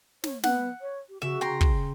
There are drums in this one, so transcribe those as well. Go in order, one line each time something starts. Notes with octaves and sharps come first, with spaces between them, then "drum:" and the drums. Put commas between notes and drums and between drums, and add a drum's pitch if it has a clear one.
C#5, drum: snare
B3 F#5, drum: snare
C#5
G4
C#3 F#4 E5
G5 A#5 C6
drum: kick